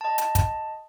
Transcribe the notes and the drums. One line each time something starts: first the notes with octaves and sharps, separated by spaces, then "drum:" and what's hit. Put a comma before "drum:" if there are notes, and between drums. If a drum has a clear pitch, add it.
D#5 A5
drum: hi-hat
drum: kick, hi-hat